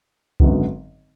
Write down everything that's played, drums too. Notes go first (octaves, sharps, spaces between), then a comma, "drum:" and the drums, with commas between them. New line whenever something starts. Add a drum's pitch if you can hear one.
G#1 F#2 D3 F#3 B3, drum: kick C2